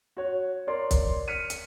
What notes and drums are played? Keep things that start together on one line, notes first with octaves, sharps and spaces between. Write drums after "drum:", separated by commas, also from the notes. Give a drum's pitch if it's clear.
F#4 C#5
A#4 C#5 D5 C6
drum: kick, hi-hat
F6 B6 C#7 D#7
drum: hi-hat